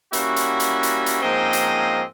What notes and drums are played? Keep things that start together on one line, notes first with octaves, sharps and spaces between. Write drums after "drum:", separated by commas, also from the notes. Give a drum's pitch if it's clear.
G3 A#3 C#4 E4 F#4, drum: hi-hat
drum: hi-hat
drum: hi-hat
drum: hi-hat
drum: hi-hat
G#2 F3 A#3 C4 C#4 D#5
drum: hi-hat